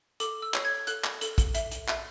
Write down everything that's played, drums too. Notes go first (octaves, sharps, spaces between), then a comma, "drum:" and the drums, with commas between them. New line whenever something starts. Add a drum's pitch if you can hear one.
A4 D6, drum: hi-hat
E6
C#5, drum: clap
G#6
A4 F#6, drum: hi-hat
drum: clap
A4, drum: hi-hat
drum: kick, hi-hat
E5, drum: hi-hat
drum: hi-hat
E5, drum: clap